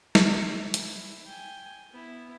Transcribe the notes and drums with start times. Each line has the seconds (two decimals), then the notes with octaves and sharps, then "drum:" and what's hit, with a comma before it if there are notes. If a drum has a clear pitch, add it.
0.15 A#5, drum: snare
0.74 E4, drum: hi-hat
1.26 G5 G#5
1.91 B3 E4